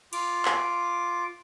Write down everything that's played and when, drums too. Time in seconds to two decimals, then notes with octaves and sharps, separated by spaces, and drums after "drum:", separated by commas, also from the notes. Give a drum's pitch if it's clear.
0.13 F4 D6, drum: cymbal
0.45 drum: clap